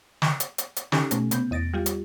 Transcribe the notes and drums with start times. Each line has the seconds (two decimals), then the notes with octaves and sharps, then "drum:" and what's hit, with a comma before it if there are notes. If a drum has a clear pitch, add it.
0.22 drum: snare
0.40 drum: hi-hat
0.58 drum: hi-hat
0.76 drum: hi-hat
0.92 C#4 D#4 G4 A4 G#5, drum: snare
1.11 B2 A3 C#4, drum: hi-hat
1.31 C3 B3 G6, drum: hi-hat
1.51 E2 D#5 A6 A#6 D7
1.73 G3 F4 G4
1.86 drum: hi-hat